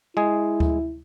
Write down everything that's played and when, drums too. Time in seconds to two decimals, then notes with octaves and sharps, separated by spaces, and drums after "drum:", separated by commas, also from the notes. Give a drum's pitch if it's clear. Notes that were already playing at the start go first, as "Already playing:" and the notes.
0.17 G#3 E4 G#4
0.60 drum: kick D2